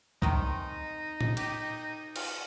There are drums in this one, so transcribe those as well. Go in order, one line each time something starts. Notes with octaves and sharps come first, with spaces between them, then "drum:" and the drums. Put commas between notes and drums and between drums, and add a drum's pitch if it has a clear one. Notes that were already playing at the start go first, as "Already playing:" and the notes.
C3 D#3 G#3 D#4, drum: kick
drum: tom A2
G4, drum: cymbal
F4, drum: cymbal